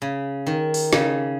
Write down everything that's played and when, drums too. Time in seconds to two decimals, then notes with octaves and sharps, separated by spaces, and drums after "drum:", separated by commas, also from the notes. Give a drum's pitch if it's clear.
0.02 C#3
0.47 D#3
0.74 drum: open hi-hat
0.93 C#3, drum: snare